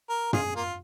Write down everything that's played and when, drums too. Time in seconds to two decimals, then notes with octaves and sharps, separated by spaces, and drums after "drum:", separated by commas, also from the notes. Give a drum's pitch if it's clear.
0.09 A#4
0.33 F4 G#4, drum: tom
0.56 A#3 F4